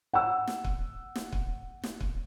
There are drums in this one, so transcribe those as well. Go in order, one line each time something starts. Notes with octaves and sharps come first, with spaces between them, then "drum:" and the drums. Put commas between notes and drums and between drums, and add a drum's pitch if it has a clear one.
F#5 E6
drum: snare
drum: kick
drum: snare
drum: kick
drum: snare
drum: kick